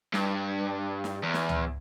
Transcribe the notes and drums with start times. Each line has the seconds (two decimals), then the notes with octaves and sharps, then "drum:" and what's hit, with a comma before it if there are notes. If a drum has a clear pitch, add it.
0.14 G2, drum: snare
1.04 drum: snare
1.23 E2
1.34 drum: snare
1.49 drum: tom C#2